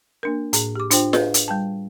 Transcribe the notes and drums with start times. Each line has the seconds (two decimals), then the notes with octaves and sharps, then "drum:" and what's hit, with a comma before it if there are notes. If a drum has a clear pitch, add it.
0.23 A#3 D4 A#4
0.53 A2 G#4, drum: hi-hat
0.76 G4 D6
0.91 D4 F4 C5 G5, drum: hi-hat
1.13 G#4 B4 D#5 G6, drum: snare F4
1.34 drum: hi-hat
1.48 G3 G5 A5